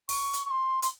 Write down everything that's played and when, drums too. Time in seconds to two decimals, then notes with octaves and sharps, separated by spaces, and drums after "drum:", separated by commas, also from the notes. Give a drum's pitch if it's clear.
0.09 C#6, drum: open hi-hat
0.33 drum: hi-hat
0.46 C#6
0.51 C6
0.82 C6, drum: hi-hat